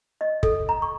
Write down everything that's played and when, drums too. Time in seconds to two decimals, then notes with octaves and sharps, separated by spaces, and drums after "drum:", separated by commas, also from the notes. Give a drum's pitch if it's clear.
0.21 D#5
0.43 A4, drum: kick
0.69 A#5
0.82 C#6